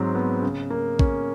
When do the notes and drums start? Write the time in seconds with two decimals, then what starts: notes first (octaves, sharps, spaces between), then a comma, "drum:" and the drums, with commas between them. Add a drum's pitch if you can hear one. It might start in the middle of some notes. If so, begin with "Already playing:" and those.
Already playing: G#2 F#3 C4
0.15 B3
0.42 C#3
0.70 A#3
0.99 C#4, drum: kick A1